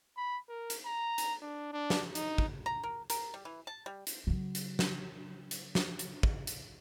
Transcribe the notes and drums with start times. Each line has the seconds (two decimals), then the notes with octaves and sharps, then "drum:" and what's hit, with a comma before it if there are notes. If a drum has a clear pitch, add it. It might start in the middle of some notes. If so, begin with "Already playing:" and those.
0.17 B5
0.49 A#4
0.70 drum: hi-hat
0.85 A#5
1.18 drum: hi-hat
1.42 D4
1.73 D4
1.90 drum: snare
2.15 D#4, drum: hi-hat
2.38 drum: kick
2.66 A#5
2.83 A#4
3.10 A#4, drum: hi-hat
3.34 G3
3.45 E3
3.67 A5
3.86 G3
4.07 drum: hi-hat
4.27 C#3 F#3
4.55 drum: hi-hat
4.79 drum: snare
5.51 drum: hi-hat
5.75 drum: snare
5.99 drum: hi-hat
6.23 drum: kick
6.47 drum: hi-hat